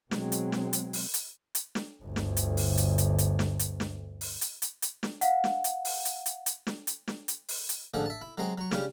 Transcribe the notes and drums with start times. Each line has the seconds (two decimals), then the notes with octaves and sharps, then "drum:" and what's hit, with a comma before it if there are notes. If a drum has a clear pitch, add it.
0.11 B2 F#3 G#3 C4, drum: snare
0.32 drum: hi-hat
0.52 drum: snare
0.73 drum: hi-hat
0.93 drum: open hi-hat
1.14 drum: hi-hat
1.55 drum: hi-hat
1.75 drum: snare
2.02 G1 D2
2.16 drum: snare
2.37 drum: hi-hat
2.57 drum: open hi-hat
2.78 drum: hi-hat
2.98 drum: hi-hat
3.18 drum: hi-hat
3.39 drum: snare
3.59 drum: hi-hat
3.80 drum: snare
4.21 drum: open hi-hat
4.41 drum: hi-hat
4.62 drum: hi-hat
4.82 drum: hi-hat
5.03 drum: snare
5.21 F5 F#5, drum: hi-hat
5.44 drum: snare
5.64 drum: hi-hat
5.85 drum: open hi-hat
6.05 drum: hi-hat
6.26 drum: hi-hat
6.46 drum: hi-hat
6.67 drum: snare
6.87 drum: hi-hat
7.08 drum: snare
7.28 drum: hi-hat
7.48 drum: open hi-hat
7.69 drum: hi-hat
7.94 A1 D3 F3 G#4 F#5
8.06 E5 A5
8.21 E4
8.38 F#3 G#3 C4 F#4 G#4
8.58 F#3 C#6
8.71 C#3 G3 C#4, drum: snare